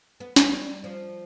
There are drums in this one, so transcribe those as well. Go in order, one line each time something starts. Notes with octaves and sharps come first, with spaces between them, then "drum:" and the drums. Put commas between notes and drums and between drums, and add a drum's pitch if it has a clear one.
B3
G#3, drum: snare
G3
F3